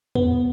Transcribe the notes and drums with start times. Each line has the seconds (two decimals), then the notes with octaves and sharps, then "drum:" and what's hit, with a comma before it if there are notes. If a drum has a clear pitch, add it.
0.15 B3, drum: tom E2